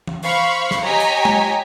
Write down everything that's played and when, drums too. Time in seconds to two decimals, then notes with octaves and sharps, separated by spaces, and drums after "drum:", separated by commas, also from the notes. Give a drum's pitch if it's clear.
0.07 drum: tom
0.23 C5 F5 B5 C#6, drum: open hi-hat
0.71 drum: snare
0.83 G4 C#5 D#5 G#5 A#5 B6
1.00 drum: hi-hat
1.25 drum: tom